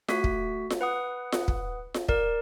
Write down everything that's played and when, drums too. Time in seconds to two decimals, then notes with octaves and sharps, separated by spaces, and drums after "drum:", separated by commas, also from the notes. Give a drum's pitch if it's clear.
0.08 A3 F#4 B6, drum: snare F4
0.24 drum: kick
0.70 drum: snare F4
0.81 B4 F#5 D#6
1.32 drum: snare F4
1.48 drum: kick
1.94 drum: snare F4
2.09 A#4 D5, drum: kick